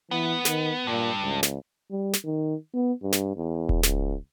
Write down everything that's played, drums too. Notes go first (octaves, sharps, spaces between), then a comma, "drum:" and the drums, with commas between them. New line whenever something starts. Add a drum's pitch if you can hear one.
E3 B3
D#3, drum: snare
G2 A#2
C#2
drum: snare
G3
drum: snare
D#3
B3
G2
drum: snare
E2
drum: kick D#1
C#2, drum: snare